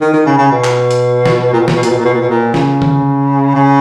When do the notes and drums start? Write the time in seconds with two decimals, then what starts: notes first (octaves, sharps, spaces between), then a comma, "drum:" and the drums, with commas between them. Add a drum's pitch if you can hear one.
0.01 D#3
0.13 D#3
0.26 C#3
0.38 C#3
0.51 B2
0.64 drum: clap
0.91 drum: hi-hat
1.26 drum: snare
1.53 A#2
1.60 B2
1.68 A#2, drum: snare
1.75 B2
1.83 A#2, drum: hi-hat
1.90 B2
1.98 A#2
2.05 B2
2.14 A#2
2.21 B2
2.29 A#2
2.54 C#3, drum: snare
2.82 drum: tom D3
3.55 C#3